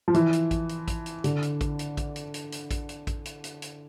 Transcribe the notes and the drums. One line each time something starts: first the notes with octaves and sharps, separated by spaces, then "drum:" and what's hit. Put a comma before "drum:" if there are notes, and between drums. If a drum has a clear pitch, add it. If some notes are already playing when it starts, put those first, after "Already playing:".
F3
E3, drum: hi-hat
drum: hi-hat
drum: kick A1, hi-hat
drum: hi-hat
drum: kick A1, hi-hat
drum: hi-hat
D3, drum: hi-hat
drum: hi-hat
drum: kick A1, hi-hat
drum: hi-hat
drum: kick A1, hi-hat
drum: hi-hat
drum: hi-hat
drum: hi-hat
drum: kick A1, hi-hat
drum: hi-hat
drum: kick A1, hi-hat
drum: hi-hat
drum: hi-hat
drum: hi-hat